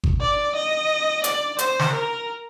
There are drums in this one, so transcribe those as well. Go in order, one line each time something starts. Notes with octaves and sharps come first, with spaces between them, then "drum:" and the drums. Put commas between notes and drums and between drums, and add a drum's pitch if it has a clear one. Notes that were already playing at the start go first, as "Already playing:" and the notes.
drum: kick G1
D5
D#5
D5, drum: hi-hat
C5, drum: hi-hat
drum: snare
A#4